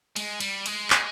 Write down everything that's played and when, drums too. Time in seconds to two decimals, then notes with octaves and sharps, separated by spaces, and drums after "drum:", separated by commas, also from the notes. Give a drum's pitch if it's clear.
0.16 G#3, drum: cymbal
0.40 G3, drum: cymbal
0.66 G#3, drum: cymbal
0.90 G#3, drum: clap